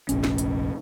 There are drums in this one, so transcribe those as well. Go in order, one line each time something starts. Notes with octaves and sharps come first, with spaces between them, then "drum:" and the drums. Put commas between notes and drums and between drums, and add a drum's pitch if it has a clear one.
F1 A#1 C#4, drum: hi-hat
drum: snare
drum: hi-hat